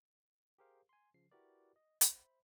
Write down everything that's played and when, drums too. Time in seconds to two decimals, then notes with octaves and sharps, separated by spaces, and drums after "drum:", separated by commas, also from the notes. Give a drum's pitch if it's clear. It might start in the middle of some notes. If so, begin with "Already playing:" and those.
0.58 G4 G#4 A#4 C5 F5
0.89 G#5 C6
1.14 C#3 F3 C7
1.31 E4 F#4 G4 A#4 B4 D5
1.76 D#5
2.01 C5 E5 B5, drum: hi-hat